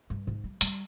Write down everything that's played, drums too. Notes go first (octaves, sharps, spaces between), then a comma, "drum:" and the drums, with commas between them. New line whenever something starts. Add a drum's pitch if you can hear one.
G2
G#2
G3
G3, drum: hi-hat